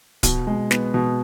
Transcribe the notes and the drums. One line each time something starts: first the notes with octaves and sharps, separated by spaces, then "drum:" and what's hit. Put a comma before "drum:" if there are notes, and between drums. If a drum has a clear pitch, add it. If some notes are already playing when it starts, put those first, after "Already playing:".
B2, drum: kick D1, hi-hat
G#3
B3, drum: snare
B2